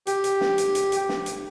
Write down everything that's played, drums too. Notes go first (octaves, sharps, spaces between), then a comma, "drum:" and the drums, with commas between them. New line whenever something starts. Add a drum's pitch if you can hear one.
G4, drum: hi-hat
drum: hi-hat
drum: snare
drum: hi-hat
drum: hi-hat
drum: hi-hat
drum: snare
drum: hi-hat